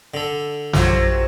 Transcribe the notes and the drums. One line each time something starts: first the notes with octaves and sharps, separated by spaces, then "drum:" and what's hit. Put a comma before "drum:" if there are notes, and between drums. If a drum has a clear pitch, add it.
D3 A4
A#1 F#2 C3 F#3 F4, drum: snare